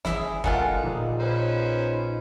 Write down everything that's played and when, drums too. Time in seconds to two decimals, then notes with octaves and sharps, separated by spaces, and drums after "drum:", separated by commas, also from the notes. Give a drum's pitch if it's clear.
0.05 E4 G#4 E5, drum: snare
0.44 D#3 G#3 F4 A4 F#5 A#5 C6, drum: kick
0.83 A#1 D#4
1.20 C#4 B4 C5